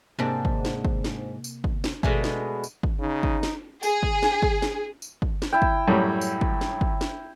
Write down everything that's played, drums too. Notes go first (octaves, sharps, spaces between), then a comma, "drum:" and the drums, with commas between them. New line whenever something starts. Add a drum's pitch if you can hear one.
G#2 C3 A#3 C4 D4
drum: kick
drum: snare
drum: kick
drum: snare
drum: tambourine
drum: kick
drum: snare
B2 G#3 A3 A4 D5 G#5, drum: kick
drum: snare
drum: tambourine
drum: kick
C#3 D#4
drum: kick
drum: snare
G#4, drum: tambourine
drum: kick
drum: snare
drum: kick
drum: snare
drum: tambourine
drum: kick
drum: snare
E4 G5
drum: kick
F#2 A2 G3
drum: tambourine
drum: kick
drum: snare
drum: kick
drum: snare